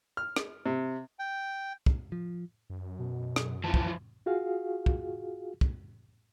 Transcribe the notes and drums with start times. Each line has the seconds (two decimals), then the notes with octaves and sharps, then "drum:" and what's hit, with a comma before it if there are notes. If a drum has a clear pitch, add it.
0.17 F6
0.36 drum: rim click
0.66 C3
1.19 G5
1.86 drum: kick
2.12 F3
2.70 F#2
2.99 B2
3.36 drum: rim click
3.64 E3 F3 A5
3.74 drum: kick
4.26 F4 F#4 G#4 F5
4.86 drum: kick
5.61 drum: kick